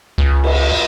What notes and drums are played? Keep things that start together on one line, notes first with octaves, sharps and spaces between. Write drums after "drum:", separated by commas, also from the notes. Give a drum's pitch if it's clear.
C#2
drum: cymbal